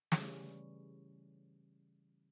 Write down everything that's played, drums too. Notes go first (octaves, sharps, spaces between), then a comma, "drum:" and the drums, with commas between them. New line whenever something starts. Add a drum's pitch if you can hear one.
C#3 E3 G3 A3 C#4, drum: snare